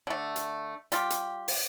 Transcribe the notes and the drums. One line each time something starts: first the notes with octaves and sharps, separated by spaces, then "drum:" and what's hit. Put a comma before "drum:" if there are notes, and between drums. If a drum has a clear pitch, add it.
D3 A3
drum: hi-hat
G3 F4 G4, drum: hi-hat
drum: hi-hat
drum: open hi-hat